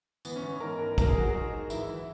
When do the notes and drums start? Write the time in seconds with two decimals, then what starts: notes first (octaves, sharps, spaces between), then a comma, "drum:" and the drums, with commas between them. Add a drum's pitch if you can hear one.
0.25 E3 B3, drum: tambourine
0.36 C#4
0.42 E3 B3
0.60 G#2 A#4
0.79 G#2 A#4
0.98 F#3 A#4, drum: kick, tambourine
1.08 G#4
1.15 F#3 F#4
1.29 G#4
1.34 G#2
1.52 G#2
1.70 E3 E4, drum: tambourine
1.89 E3